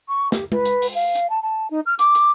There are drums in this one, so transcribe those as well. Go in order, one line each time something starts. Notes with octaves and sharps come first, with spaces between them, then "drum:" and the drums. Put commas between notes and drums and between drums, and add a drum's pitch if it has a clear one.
C#6
G4, drum: snare
B4, drum: tom G#3
drum: hi-hat
drum: open hi-hat
F5
drum: hi-hat
A5
A5
D#4
F6
D6, drum: hi-hat
drum: hi-hat